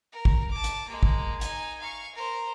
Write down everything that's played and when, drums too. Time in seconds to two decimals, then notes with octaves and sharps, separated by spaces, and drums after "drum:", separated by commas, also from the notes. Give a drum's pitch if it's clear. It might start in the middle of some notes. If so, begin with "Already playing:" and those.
0.12 A#4
0.25 drum: kick
0.51 A5 D6
0.64 drum: hi-hat
0.88 G#3 A#3
1.03 drum: kick
1.41 D#4 G#5, drum: hi-hat
1.80 F5 C#6
2.15 A#4 C5